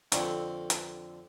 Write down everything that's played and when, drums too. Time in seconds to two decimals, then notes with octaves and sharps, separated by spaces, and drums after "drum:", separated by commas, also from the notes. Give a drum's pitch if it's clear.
0.12 F2 D3 C4 C#6, drum: hi-hat
0.70 drum: hi-hat